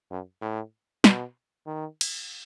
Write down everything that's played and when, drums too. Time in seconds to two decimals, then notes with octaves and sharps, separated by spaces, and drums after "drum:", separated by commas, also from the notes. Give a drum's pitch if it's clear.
0.11 F#2
0.41 A2
1.04 B2, drum: snare
1.66 D#3
2.01 drum: cymbal